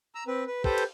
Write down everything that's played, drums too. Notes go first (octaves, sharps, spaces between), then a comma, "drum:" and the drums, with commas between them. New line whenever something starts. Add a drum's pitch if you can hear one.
A#5 E6
C4 B4
B4
G4 A4 B4 C5, drum: kick
drum: cymbal